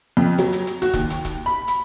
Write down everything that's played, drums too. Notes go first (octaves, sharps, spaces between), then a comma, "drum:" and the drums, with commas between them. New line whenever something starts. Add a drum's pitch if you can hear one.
F2
F#3, drum: hi-hat
drum: hi-hat
drum: hi-hat
F#4, drum: hi-hat
D#2, drum: kick, hi-hat
drum: hi-hat
drum: kick, hi-hat
B5
drum: hi-hat